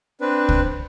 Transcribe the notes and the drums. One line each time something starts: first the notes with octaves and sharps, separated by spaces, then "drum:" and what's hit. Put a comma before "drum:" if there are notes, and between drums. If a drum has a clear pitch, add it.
C4 D4 B4
drum: kick C#2